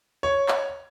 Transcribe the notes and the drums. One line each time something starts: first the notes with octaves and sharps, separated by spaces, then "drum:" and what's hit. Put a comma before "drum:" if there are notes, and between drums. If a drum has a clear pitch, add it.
C#5
drum: clap